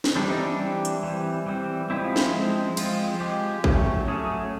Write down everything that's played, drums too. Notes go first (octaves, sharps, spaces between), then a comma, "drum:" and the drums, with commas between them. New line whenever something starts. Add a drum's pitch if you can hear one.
drum: snare
E3 G3 C4 D4
D#4
D4
E3 G3 C4
drum: hi-hat
E3 G3 C4
E3 G3 C4
F3 G#3 C4 E4
drum: snare
F3 G#3 C4
F3 G#3 C4 F4, drum: cymbal
F3 G#3 C4 G4
F#3 A3 C#4, drum: kick
F#3 A3 C#4 G#4